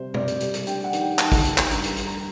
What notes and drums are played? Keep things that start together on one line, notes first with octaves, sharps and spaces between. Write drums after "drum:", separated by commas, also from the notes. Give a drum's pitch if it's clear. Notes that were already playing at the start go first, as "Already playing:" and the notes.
Already playing: C3 G3 C5
C3 D5, drum: tom
drum: hi-hat
G3, drum: hi-hat
drum: hi-hat
D4 G5, drum: hi-hat
F#5
D#3, drum: hi-hat
G5
D#3 A5, drum: clap
drum: kick, open hi-hat
D#3, drum: hi-hat
drum: clap
G2 A#5, drum: hi-hat
drum: hi-hat
G2, drum: hi-hat
A#5